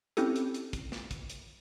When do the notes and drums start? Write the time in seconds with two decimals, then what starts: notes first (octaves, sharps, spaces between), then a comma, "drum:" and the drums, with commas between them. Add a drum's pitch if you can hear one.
0.17 C4 C#4 E4 G4 A4, drum: hi-hat
0.36 drum: hi-hat
0.54 drum: hi-hat
0.73 drum: kick, hi-hat
0.92 drum: snare
1.11 drum: kick, hi-hat
1.30 drum: hi-hat